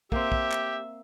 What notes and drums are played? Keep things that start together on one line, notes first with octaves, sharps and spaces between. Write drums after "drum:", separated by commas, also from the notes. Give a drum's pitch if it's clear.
A#3 C4 G4 E5, drum: kick
drum: kick
drum: clap